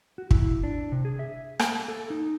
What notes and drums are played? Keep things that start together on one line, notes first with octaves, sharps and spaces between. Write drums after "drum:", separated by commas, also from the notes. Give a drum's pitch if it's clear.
F#4
E4, drum: kick
D4
C3
G#4
E5
A#3, drum: rim click
A4
D#4